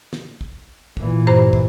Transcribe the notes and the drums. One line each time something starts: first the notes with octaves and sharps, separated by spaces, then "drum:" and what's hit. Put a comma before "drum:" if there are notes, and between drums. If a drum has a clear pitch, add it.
drum: snare
drum: kick
A#2 E3, drum: kick
G2 C5 A#5
drum: kick